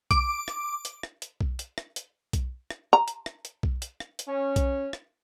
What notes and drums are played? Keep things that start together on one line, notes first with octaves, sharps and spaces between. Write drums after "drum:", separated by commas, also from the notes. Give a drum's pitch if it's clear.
D6, drum: kick B1, hi-hat
drum: rim click
drum: hi-hat
drum: rim click
drum: hi-hat
drum: kick B1
drum: hi-hat
drum: rim click
drum: hi-hat
drum: kick B1, hi-hat
drum: rim click
A#5
drum: hi-hat
drum: rim click
drum: hi-hat
drum: kick B1
drum: hi-hat
drum: rim click
drum: hi-hat
C#4
drum: kick B1, hi-hat
drum: rim click